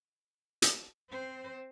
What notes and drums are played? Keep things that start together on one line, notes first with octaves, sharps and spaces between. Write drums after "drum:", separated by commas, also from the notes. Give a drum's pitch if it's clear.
drum: hi-hat
C4 C5